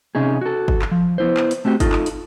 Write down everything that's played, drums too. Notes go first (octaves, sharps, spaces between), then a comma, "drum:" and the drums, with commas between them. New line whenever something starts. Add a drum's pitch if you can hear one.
C3 C#4 D#4 G#4
F#4 A4
drum: kick
drum: clap
F3
B3 E4 C5
drum: clap
drum: hi-hat
A3 C4 F#4 G4
D#4 F4 A4, drum: kick, hi-hat
drum: clap
drum: hi-hat